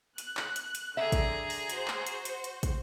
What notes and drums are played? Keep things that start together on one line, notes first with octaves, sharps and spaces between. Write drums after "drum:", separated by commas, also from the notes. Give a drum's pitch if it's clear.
F#6, drum: hi-hat
drum: clap
drum: hi-hat
drum: hi-hat
D3 G#4 E5 A#5
drum: kick, hi-hat
drum: open hi-hat
F#4 C5, drum: hi-hat
drum: clap
drum: hi-hat
drum: hi-hat
drum: hi-hat
drum: kick, hi-hat